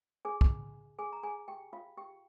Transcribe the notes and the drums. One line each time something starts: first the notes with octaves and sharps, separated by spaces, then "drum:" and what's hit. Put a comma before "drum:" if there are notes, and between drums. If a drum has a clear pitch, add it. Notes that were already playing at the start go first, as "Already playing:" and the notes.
G#4 G#5
drum: kick
G#4 G#5
A#5
G#4 G#5
G4 G5
F4 F5
G4 G5